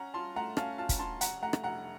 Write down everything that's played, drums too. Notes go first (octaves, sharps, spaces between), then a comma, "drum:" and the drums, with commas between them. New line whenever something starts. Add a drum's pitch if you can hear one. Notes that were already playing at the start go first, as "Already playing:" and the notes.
Already playing: C#4 F#5 A#5
F4 A5 C6
A3 F#5 A#5
C#4 F5 A5, drum: rim click
F4 F5 A5
drum: kick, hi-hat
C#4 A5 C6
F1 F#5 A#5, drum: hi-hat
A3 F#5 A#5
drum: rim click
F1 F#5 A#5